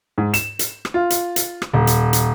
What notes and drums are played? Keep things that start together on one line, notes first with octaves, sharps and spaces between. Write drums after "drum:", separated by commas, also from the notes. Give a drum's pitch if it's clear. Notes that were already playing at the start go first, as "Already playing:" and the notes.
G#2
E7, drum: hi-hat
drum: hi-hat
drum: rim click
F4
drum: hi-hat
drum: hi-hat
drum: rim click
D#1
drum: hi-hat
drum: hi-hat